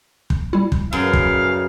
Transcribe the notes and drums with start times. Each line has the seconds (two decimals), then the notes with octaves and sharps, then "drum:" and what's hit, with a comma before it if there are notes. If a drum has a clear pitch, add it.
0.30 drum: kick
0.53 G3 E4
0.72 drum: kick
0.93 C2 F#2 C#3 B4 F5
1.13 drum: kick